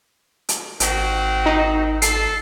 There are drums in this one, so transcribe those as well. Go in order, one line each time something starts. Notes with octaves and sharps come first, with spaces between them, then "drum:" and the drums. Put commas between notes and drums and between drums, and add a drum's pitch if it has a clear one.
drum: hi-hat
G#1 D#3 C4 F#4, drum: hi-hat
D#4
A4 C7, drum: hi-hat